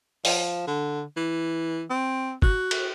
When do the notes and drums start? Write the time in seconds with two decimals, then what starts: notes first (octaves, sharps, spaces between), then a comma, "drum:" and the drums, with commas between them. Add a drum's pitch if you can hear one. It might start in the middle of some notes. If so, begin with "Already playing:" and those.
0.25 F3, drum: open hi-hat
0.67 D3
1.17 E3
1.90 C4
2.42 F#4, drum: kick
2.71 drum: cymbal